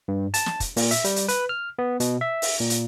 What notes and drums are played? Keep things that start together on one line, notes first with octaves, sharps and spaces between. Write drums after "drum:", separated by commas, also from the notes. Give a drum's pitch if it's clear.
G2
A5, drum: hi-hat
drum: snare
drum: kick, hi-hat
A#2, drum: open hi-hat
E5, drum: hi-hat
G3, drum: hi-hat
drum: hi-hat
B4, drum: hi-hat
F6
B3
B2, drum: hi-hat
E5
drum: open hi-hat
A#2
drum: hi-hat